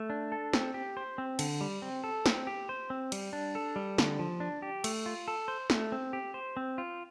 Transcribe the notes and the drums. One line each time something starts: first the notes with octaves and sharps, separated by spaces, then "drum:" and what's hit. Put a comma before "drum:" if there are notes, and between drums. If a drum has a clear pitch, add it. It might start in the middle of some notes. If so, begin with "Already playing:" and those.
Already playing: A3
D4
A4
C4, drum: snare
G4
C5
C4
D3, drum: cymbal
G3
C4
A4
C4, drum: snare
G4
C5
C4
G3, drum: cymbal
D4
A4
G3
D3, drum: snare
F3
D4
G4
A3, drum: cymbal
F4
A4
C5
A3, drum: snare
C4
G4
C5
C4
F4